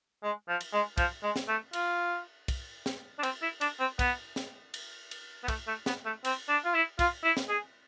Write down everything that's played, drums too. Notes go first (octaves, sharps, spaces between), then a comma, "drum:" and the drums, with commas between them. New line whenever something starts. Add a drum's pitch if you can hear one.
G#3
F3
drum: cymbal
G#3
F3, drum: kick, cymbal
G#3
drum: snare
A3
F4, drum: cymbal
drum: kick, cymbal
drum: snare
D4
C4, drum: cymbal
E4
D4, drum: cymbal
C4
B3, drum: kick, cymbal
drum: snare
drum: cymbal
drum: cymbal
B3
A3, drum: kick, cymbal
A3
B3, drum: snare
A3
C4, drum: cymbal
D4
F4
E4
F4, drum: kick, cymbal
E4
drum: snare
G#4